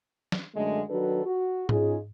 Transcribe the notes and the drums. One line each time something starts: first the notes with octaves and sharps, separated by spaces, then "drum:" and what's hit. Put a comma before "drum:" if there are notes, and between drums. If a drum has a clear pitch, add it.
drum: snare
F#2 D3 G#3 A3
D#3 F#3 D4 A4 B4
F#4
C#4 D#4 F4 G#4, drum: tom G#2